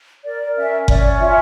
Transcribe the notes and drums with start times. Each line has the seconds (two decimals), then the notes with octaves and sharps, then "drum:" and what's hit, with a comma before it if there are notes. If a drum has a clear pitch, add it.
0.25 A#4 D5
0.57 C#4 E5
0.88 C#4 D5, drum: kick F#1
1.20 F4 E5